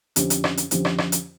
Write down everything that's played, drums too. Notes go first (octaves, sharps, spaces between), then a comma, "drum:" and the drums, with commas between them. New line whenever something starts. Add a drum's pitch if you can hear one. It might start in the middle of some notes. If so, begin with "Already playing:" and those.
F2 D3 F3 C#4 G4, drum: hi-hat
drum: hi-hat
drum: rim click
drum: hi-hat
F2 D3 F3 C#4 G4, drum: hi-hat
drum: rim click
drum: rim click
drum: hi-hat